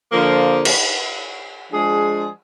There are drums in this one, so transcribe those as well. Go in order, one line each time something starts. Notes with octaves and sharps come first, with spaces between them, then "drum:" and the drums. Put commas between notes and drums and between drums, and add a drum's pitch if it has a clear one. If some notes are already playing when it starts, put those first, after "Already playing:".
D3 F3 A#3
drum: cymbal
F3 G#3 D4 G#4